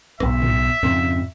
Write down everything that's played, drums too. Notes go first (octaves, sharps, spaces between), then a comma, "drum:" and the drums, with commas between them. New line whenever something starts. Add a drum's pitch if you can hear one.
B1 G#2 E5, drum: rim click
drum: tom G#2
F2 G#2 C#3